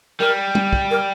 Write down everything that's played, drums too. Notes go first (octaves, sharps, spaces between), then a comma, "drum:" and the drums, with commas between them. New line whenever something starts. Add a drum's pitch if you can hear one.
G3 A#4
drum: tom
drum: kick
A#4